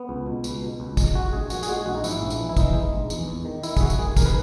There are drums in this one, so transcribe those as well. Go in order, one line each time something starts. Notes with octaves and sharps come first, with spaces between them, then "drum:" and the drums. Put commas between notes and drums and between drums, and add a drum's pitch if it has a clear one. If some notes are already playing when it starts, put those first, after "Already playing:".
Already playing: B3
C#2
B2
C#2, drum: tambourine
B2
C#2
G#3, drum: kick, tambourine
G#3 F#4
A#1 G#4
A#2 F#4, drum: tambourine
G#4, drum: tambourine
G#3 F#4
A#1 F#4
D#4
G#2 E4, drum: tambourine
A#1
drum: tambourine
E3
E4
E3 D#4, drum: kick, tambourine
G#3
A#1
E2, drum: tambourine
E2
D#3
D#3 E4, drum: tambourine
G#4, drum: kick, tambourine
G#3 F#4
drum: tambourine
D#3 G#4
D#2 A#4, drum: kick, tambourine
B4